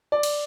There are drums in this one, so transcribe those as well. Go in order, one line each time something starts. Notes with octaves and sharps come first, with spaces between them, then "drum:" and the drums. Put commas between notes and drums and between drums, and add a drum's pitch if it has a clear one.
D5
drum: cymbal